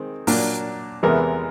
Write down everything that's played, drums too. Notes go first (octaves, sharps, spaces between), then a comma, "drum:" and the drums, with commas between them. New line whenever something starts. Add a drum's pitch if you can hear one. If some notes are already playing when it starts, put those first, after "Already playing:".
Already playing: D#3 G#3 C4
A#2 F#3 A#3 D4, drum: open hi-hat
E2 C3 E3 G#3 B3 A#4